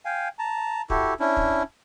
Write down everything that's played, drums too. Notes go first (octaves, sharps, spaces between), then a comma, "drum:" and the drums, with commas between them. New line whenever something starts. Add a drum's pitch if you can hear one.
F5 G5 G#5
A5 A#5
E4 F#4 G4 A4, drum: kick
C#4 D4 E4
drum: kick